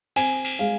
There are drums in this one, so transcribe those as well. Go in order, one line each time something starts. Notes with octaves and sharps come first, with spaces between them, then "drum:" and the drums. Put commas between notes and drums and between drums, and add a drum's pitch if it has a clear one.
C4 G#5, drum: cymbal
drum: cymbal
G#3 F5